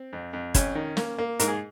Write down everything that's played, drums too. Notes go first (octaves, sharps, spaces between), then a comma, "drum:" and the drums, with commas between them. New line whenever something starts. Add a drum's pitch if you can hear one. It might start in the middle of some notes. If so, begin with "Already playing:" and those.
Already playing: C4
F2
F2
F2 C#4, drum: kick, hi-hat
D#3
A#3, drum: snare
A#3
G#2 A#4, drum: hi-hat
G#4